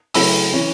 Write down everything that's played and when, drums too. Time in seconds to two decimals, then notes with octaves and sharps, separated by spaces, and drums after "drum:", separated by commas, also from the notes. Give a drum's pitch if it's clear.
0.14 C#3 F#3 A3 C#4 E4 B5 E6, drum: open hi-hat
0.51 E3 C#4 E4